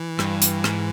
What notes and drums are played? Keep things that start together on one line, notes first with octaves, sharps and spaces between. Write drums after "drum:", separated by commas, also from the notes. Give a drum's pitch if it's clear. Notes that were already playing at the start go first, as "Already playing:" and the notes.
Already playing: E3
G2, drum: rim click
drum: hi-hat
G#2, drum: rim click